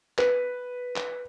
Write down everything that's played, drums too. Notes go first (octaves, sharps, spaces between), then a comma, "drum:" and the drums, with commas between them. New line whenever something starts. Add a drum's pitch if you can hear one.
B4, drum: clap
drum: clap